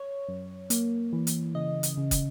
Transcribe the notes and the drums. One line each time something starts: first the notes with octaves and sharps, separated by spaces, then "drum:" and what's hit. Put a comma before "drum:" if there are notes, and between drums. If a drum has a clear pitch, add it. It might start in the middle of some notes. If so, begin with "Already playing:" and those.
Already playing: C#5
F#2
A#3, drum: hi-hat
E3
drum: hi-hat
C#3 D#5
drum: hi-hat
C#3
drum: kick, hi-hat